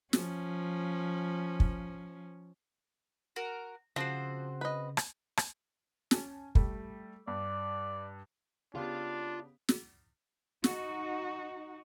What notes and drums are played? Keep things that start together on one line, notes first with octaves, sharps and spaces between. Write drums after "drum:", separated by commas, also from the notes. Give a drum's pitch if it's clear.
F3 C#4, drum: snare
drum: kick
F#4 A#4
C#3 F3 C4 F#4 C5
B4 D#5
drum: rim click
drum: rim click
C#4 G#5 A5, drum: snare
G3 A3, drum: kick
G2 D5
C#3 B3 D4 F4 G4 F5
drum: snare
D#4 F#4, drum: snare